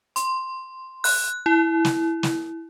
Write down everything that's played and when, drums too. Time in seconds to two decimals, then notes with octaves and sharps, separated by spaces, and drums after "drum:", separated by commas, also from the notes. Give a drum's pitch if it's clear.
0.16 C6, drum: hi-hat
1.04 F#6, drum: open hi-hat
1.46 E4
1.85 drum: snare
2.23 drum: snare